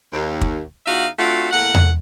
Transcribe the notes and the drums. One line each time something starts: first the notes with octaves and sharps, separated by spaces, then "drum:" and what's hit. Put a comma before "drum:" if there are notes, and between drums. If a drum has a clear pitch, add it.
D#2
drum: kick
E2 D#4 F4 F#4 E5 F5
A3 C4 D4 F4 F#4
E2 A2 A#3 F#5
drum: tom E2